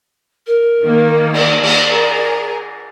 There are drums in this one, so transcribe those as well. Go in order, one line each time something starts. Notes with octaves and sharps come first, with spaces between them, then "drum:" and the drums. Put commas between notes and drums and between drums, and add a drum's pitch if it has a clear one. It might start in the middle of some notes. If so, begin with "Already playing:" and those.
A#4
D#3 A#3
D5, drum: cymbal
drum: cymbal
G#4 A#4